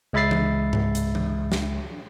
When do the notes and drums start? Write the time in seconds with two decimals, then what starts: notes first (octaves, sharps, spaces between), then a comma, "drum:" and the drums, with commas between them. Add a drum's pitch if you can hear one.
0.13 C#2 G#3 E5 B5 A6 C7
0.31 drum: tom E3
0.73 drum: tom G#2
0.95 drum: hi-hat
1.15 drum: tom E3
1.52 drum: snare